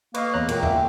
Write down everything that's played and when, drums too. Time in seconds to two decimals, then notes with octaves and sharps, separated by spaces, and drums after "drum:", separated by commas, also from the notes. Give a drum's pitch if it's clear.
0.14 A#3 B4 D#5 F5 C#6, drum: cymbal
0.34 E2 C#5 A#5 F#6
0.48 A#2 G#3 A#4 F#5 G5, drum: cymbal
0.63 E5, drum: tom E2